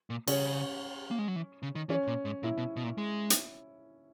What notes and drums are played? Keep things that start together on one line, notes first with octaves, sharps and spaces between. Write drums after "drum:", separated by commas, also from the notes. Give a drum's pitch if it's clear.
A#2
C#3 C#4, drum: cymbal
A#3
G#3
F#3
E3
C#3
D#3
E3 C#4
A#2
G#2
A#2 E4
B2
B2
A#2
G#3
drum: hi-hat